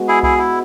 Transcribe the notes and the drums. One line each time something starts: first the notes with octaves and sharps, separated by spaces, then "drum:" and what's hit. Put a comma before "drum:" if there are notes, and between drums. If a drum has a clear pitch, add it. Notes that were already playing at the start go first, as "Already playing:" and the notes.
Already playing: G#3 B3 F#4
E4 G#4
E4 G#4, drum: kick B1
E4